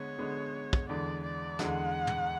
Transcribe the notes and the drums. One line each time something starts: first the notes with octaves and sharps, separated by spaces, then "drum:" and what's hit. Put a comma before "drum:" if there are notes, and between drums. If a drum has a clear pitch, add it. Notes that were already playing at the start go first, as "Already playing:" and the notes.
Already playing: D3 G#3 B3 C#5
D3 G#3 B3
drum: kick
E2 D3 G#3 D5
D5
E2 D3 G#3 F#5, drum: snare
drum: tom